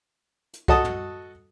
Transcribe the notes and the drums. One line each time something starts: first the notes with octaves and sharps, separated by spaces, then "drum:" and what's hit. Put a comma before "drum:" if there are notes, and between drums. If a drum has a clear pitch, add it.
drum: hi-hat
F#4 A4 D#5 A5 D#6, drum: kick C2
drum: tom